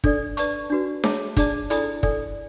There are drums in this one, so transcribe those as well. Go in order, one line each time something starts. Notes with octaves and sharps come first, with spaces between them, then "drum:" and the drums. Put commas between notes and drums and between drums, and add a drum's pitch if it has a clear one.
D4 A4 D5, drum: kick
B4 D5 A5 C#6, drum: hi-hat
D4 F#4 B4
G#4 C#5 E5 A5, drum: snare D4
D4 G#4 D5 A5, drum: kick, hi-hat
E4 A4 D5 G#5 B5, drum: hi-hat
A4 D5 G#5, drum: kick